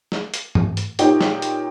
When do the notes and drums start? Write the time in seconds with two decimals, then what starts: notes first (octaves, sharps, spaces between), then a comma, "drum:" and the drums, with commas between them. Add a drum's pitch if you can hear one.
0.12 drum: snare
0.34 drum: hi-hat
0.55 drum: tom
0.77 drum: hi-hat
0.99 A#2 D#4 G4 C#5, drum: hi-hat
1.21 drum: snare
1.42 drum: hi-hat